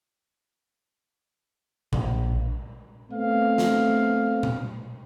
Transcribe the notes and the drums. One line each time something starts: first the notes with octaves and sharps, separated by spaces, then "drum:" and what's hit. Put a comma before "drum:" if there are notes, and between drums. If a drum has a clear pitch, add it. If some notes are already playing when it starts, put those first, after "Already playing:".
A#1, drum: tom A#2
A3 B3 C4 F5
drum: snare
drum: tom A#2